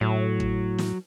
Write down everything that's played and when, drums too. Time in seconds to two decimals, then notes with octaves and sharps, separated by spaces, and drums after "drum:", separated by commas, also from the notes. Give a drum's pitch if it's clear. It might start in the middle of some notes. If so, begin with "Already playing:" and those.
0.01 A2 F#3
0.40 drum: kick
0.78 drum: snare